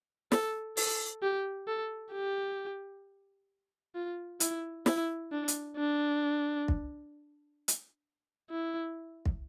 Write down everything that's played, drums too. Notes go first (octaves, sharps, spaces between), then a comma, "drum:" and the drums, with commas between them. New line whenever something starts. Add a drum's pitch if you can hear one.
A4, drum: snare
A4, drum: open hi-hat
G4
A4
G4
F4
E4, drum: hi-hat
E4, drum: snare
D4
drum: hi-hat
D4
drum: kick
drum: hi-hat
E4
drum: kick